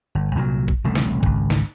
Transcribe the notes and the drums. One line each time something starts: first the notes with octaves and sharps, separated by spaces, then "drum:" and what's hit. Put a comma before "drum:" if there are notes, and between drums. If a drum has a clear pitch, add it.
G1
C2 A#2 F3 F#3
drum: kick
E1 C2 C#3 A3
drum: snare
G#1 C#2, drum: kick
drum: snare